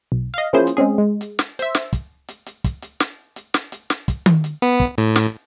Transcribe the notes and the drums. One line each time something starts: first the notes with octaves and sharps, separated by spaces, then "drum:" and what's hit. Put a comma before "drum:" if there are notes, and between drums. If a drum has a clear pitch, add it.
B1
D#5 F5
F3 A#3 C#4 E4 G#4 C5
drum: hi-hat
G#3 C4 C#4 G#4
G#3
drum: hi-hat
drum: snare
C5 E5, drum: hi-hat
drum: snare
drum: kick, hi-hat
drum: hi-hat
drum: hi-hat
drum: kick, hi-hat
drum: hi-hat
drum: snare
drum: hi-hat
drum: snare
drum: hi-hat
drum: snare
drum: kick, hi-hat
drum: tom D#3
drum: hi-hat
B3, drum: hi-hat
drum: kick
A2, drum: hi-hat
drum: snare